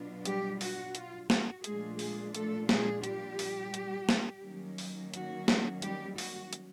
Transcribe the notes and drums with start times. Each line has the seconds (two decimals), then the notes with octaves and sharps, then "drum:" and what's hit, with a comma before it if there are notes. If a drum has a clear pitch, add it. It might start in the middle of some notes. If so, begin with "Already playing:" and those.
Already playing: B2 F#3 B3 D4 F4
0.25 G3 G4, drum: hi-hat
0.61 F#4, drum: open hi-hat
0.95 F4, drum: hi-hat
1.30 F#4, drum: snare
1.64 A#2 F3 G#3 A3 D4 F4 G#4, drum: hi-hat
1.99 G#3 G#4, drum: open hi-hat
2.35 A3 A4, drum: hi-hat
2.69 G#3 G#4, drum: snare
3.04 G3 G4, drum: hi-hat
3.39 drum: open hi-hat
3.74 drum: hi-hat
4.09 drum: snare
4.44 D#3 F#3 A#3 C#4
4.78 drum: open hi-hat
5.14 F#4, drum: hi-hat
5.48 drum: snare
5.82 G3 G4, drum: hi-hat
6.18 F#4, drum: open hi-hat
6.53 drum: hi-hat